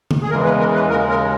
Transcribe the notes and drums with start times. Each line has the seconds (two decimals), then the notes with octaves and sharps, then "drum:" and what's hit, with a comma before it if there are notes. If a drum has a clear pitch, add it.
0.11 drum: tom C#3
0.22 G#4
0.30 E2 C#3 E3 G#3 A#4
0.44 B4
0.59 A#4
0.75 B4
0.89 D#2 C#3 G#3 A#4
1.09 A#4